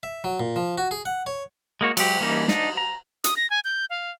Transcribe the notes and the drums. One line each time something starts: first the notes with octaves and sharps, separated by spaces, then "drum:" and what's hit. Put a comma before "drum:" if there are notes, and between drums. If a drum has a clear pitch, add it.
E5
F#3
A#2
F3
F#4
G#4
F#5
C#5
G#3 A#3 F#4 C#5
F#3 G#3 G4, drum: cymbal
E3 G3 A#3 C#4 D#4
D4 D#4, drum: snare
A#5
D#6, drum: hi-hat
A#6
G#5
G6
F5